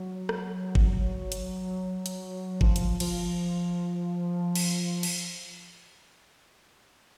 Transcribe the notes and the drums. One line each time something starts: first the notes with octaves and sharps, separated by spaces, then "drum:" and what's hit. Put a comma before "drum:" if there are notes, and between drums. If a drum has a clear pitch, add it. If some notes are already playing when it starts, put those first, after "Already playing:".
Already playing: F#3
drum: rim click
drum: kick
drum: hi-hat
drum: hi-hat
F3, drum: kick
drum: hi-hat
F3, drum: cymbal
drum: cymbal
drum: cymbal